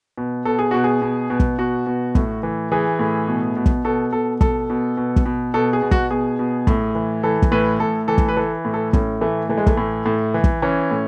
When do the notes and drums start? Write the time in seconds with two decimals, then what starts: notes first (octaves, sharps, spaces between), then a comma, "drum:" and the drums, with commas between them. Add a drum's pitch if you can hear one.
0.18 B2
0.45 B2 A4
0.59 G#4
0.71 B2 F#4
0.84 G#4
1.02 B2
1.30 B2
1.40 drum: kick
1.58 B2 F#4
1.87 B2
2.15 A2, drum: kick
2.43 E3
2.72 E3 G#4
2.99 A2
3.28 B2
3.57 B2
3.66 drum: kick
3.85 B2 A4
4.12 B2 A4
4.41 B2 A4, drum: kick
4.70 B2
4.97 B2
5.16 drum: kick
5.26 B2
5.54 B2 A4
5.73 G#4
5.82 B2
5.91 F#4, drum: kick
6.11 B2 G#4
6.39 B2
6.67 A2, drum: kick
6.95 E3
7.23 E3 A4
7.42 drum: kick
7.52 A2 B4
7.80 A2 A4
8.08 E3 A4
8.18 drum: kick
8.29 B4
8.37 E3 A4
8.65 A2
8.74 A4
8.93 A2 C#4, drum: kick
9.21 E3 A3
9.49 E3 A3
9.58 G#3
9.67 A3, drum: kick
9.77 A2
10.06 A2
10.34 E3
10.44 drum: kick
10.62 E3 C#4
10.91 A2